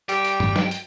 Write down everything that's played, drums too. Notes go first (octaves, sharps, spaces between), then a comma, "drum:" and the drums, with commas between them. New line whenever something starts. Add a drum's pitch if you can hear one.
G3 G5, drum: hi-hat
drum: hi-hat
drum: tom
drum: snare
drum: hi-hat